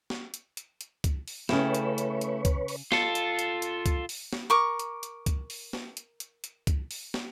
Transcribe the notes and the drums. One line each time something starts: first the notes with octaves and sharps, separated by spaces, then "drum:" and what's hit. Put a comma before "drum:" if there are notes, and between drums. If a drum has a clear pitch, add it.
drum: snare
drum: hi-hat
drum: hi-hat
drum: hi-hat
drum: kick C#2, hi-hat
drum: open hi-hat
C#3 A3 E4 B4 C#5 G5, drum: snare
drum: hi-hat
drum: hi-hat
drum: hi-hat
drum: kick C#2, hi-hat
drum: open hi-hat
F4 A4, drum: snare
drum: hi-hat
drum: hi-hat
drum: hi-hat
drum: kick C#2, hi-hat
drum: open hi-hat
drum: snare
A#4 C#6 D6
drum: hi-hat
drum: hi-hat
drum: kick C#2, hi-hat
drum: open hi-hat
drum: snare
drum: hi-hat
drum: hi-hat
drum: hi-hat
drum: kick C#2, hi-hat
drum: open hi-hat
drum: snare